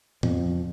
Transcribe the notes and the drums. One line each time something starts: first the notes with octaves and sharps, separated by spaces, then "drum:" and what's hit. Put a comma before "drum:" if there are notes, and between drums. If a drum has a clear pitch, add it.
F2, drum: tom